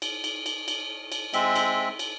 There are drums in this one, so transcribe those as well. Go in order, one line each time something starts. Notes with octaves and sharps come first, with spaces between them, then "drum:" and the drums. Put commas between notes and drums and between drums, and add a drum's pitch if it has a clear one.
drum: cymbal
drum: cymbal
drum: cymbal
drum: cymbal
drum: cymbal
G#3 C4 E5, drum: cymbal
drum: cymbal
drum: cymbal